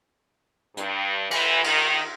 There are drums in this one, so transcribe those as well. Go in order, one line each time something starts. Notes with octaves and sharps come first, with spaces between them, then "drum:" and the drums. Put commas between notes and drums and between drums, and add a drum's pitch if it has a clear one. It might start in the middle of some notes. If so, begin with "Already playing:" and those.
G2, drum: hi-hat
E3, drum: cymbal
D#3, drum: cymbal